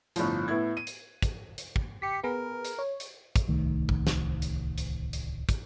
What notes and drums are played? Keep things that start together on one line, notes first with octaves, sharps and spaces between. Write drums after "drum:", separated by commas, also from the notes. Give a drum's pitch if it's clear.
G1 A2 F3, drum: hi-hat
A2 B3 E4 G#6
D#7
drum: hi-hat
drum: kick, hi-hat
drum: hi-hat
drum: kick
G4 B6 C#7
B3 G#4 A#4 B4
drum: hi-hat
C#5
drum: hi-hat
drum: kick, hi-hat
D1 C2 D#3 A3
drum: kick
drum: snare
drum: hi-hat
drum: hi-hat
drum: hi-hat
drum: kick, hi-hat